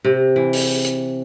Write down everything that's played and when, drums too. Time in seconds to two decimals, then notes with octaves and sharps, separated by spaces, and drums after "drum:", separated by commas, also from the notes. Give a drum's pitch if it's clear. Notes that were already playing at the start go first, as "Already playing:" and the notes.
0.05 C3
0.36 E3
0.53 drum: open hi-hat
0.84 drum: hi-hat